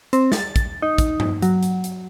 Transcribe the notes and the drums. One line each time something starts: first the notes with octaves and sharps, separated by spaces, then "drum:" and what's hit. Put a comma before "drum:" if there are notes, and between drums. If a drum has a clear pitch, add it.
C4, drum: hi-hat
A6, drum: snare
drum: kick, hi-hat
D#4
drum: kick, hi-hat
drum: tom G2
F#3, drum: hi-hat
drum: hi-hat
drum: hi-hat